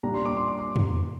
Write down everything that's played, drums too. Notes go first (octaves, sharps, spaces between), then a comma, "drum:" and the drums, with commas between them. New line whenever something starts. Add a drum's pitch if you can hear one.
A#2 G3 D4 A#5
C6
D6
C6
D6
C6
drum: tom